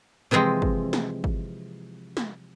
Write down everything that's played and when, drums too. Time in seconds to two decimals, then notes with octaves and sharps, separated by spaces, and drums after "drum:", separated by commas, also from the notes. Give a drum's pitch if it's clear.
0.31 C3 E3 F3 G#3 C4
0.62 drum: kick
0.93 drum: snare
1.24 drum: kick
2.17 drum: snare